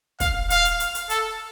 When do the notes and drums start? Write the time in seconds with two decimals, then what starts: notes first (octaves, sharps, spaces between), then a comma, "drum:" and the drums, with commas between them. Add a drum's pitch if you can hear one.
0.20 F5, drum: kick, hi-hat
0.50 F5, drum: hi-hat
0.65 drum: hi-hat
0.80 drum: hi-hat
0.95 drum: hi-hat
1.10 A4, drum: hi-hat